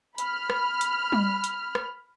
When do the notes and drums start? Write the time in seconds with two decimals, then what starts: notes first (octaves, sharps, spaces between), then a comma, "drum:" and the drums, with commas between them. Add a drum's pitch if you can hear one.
0.18 B5 F6, drum: hi-hat
0.50 drum: rim click
0.81 drum: hi-hat
1.12 drum: tom G3
1.44 drum: hi-hat
1.75 drum: rim click